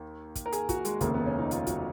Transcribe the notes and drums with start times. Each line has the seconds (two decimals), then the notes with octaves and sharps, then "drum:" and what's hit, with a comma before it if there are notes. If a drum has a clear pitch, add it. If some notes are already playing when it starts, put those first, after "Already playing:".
Already playing: D#2 D#3
0.36 drum: kick, hi-hat
0.46 A#4
0.53 G#4, drum: hi-hat
0.69 F#4, drum: kick, hi-hat
0.85 G#3, drum: hi-hat
1.01 F1 D#2 C#3 A#3, drum: kick, hi-hat
1.14 B3
1.26 C#4
1.39 D#4
1.51 F4, drum: hi-hat
1.67 F#4, drum: kick, hi-hat